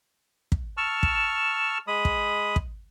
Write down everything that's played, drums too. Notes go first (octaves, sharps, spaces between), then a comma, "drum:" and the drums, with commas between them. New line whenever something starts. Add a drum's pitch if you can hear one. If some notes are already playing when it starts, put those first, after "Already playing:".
drum: kick
A5 C#6 E6 F6
drum: kick
G#3 B5 D#6
drum: kick
drum: kick